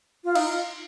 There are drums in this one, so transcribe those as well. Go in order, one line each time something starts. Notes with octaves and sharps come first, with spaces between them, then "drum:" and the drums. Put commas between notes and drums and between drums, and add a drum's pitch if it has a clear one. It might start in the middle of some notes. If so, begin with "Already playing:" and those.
F4
D#4, drum: cymbal
F4